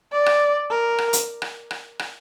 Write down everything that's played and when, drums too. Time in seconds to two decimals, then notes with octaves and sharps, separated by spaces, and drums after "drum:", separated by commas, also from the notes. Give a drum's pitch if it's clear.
0.12 D5
0.26 drum: rim click
0.70 A#4
0.98 drum: rim click
1.13 drum: hi-hat
1.42 drum: rim click
1.71 drum: rim click
1.99 drum: rim click